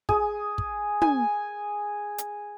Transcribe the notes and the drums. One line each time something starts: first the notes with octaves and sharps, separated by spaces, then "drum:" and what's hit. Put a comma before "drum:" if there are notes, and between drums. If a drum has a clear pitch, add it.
G#4, drum: kick
drum: kick
G#5, drum: tom
drum: hi-hat